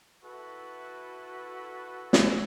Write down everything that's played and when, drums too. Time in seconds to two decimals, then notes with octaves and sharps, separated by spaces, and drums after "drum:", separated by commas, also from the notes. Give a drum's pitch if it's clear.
0.23 E4 F#4 A4 B4
2.13 drum: snare